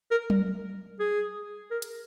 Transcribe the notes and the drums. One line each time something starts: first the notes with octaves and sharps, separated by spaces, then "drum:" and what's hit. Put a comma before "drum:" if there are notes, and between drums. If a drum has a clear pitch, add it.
A#4
drum: tom F#3
G#4
A#4
drum: hi-hat